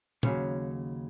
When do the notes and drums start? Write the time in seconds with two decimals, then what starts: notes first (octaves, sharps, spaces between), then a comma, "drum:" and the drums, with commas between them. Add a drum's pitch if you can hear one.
0.23 D#2 C#3 F#3 C#4, drum: tom